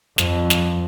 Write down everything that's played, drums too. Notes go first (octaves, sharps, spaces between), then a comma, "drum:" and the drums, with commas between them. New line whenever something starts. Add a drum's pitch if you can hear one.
F2, drum: snare
drum: snare